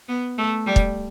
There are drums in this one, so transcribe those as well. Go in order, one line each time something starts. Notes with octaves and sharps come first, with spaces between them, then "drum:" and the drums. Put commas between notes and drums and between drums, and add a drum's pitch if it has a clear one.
B3
A3
G3
drum: kick